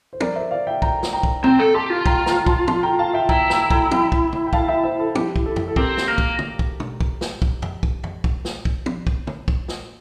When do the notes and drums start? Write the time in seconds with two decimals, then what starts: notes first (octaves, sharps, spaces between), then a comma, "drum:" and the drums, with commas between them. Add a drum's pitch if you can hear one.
0.13 C5
0.20 A#4 D5, drum: tom
0.36 C5 E5
0.51 D5 F5
0.67 E5 G5
0.82 G5 A#5, drum: kick
1.03 drum: snare
1.13 G5 A#5
1.23 drum: kick
1.44 C4 G5 A#5, drum: tom
1.60 A4
1.74 G4 A5 C6
1.90 F4
2.06 G5 A#5, drum: kick
2.26 G5 A#5, drum: snare
2.46 A5 C6, drum: kick
2.68 A5 C6, drum: tom
2.83 G5 A#5
2.99 F5 A5
3.13 E5 G5
3.29 E4 G5 A#5, drum: kick
3.50 G5 A#5, drum: snare
3.70 G5 A#5, drum: kick
3.91 G5 A#5, drum: tom
4.12 drum: kick
4.33 drum: tom
4.47 G5
4.53 F5 A5, drum: kick
4.68 E5 G5
4.84 C5 E5
5.00 A4
5.15 G4, drum: tom
5.36 drum: kick
5.46 A4
5.56 drum: tom
5.68 A4
5.76 C4 G4 A#4, drum: kick
5.97 drum: snare
6.08 A#3
6.18 drum: kick
6.39 drum: tom
6.59 drum: kick
6.80 drum: tom
7.01 drum: kick
7.21 drum: snare
7.42 drum: kick
7.62 drum: tom
7.83 drum: kick
8.04 drum: tom
8.24 drum: kick
8.45 drum: snare
8.65 drum: kick
8.86 drum: tom
9.07 drum: kick
9.27 drum: tom
9.48 drum: kick
9.68 drum: snare